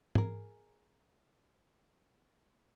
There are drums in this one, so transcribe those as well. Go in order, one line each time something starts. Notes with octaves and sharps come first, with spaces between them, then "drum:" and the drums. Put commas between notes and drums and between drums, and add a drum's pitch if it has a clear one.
G#4 A#4, drum: tom